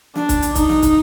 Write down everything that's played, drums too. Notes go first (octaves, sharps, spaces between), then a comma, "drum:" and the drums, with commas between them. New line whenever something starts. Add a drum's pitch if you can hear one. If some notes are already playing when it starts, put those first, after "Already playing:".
D4, drum: snare
drum: kick, hi-hat
drum: hi-hat
D#4, drum: kick, hi-hat
drum: snare
drum: kick, hi-hat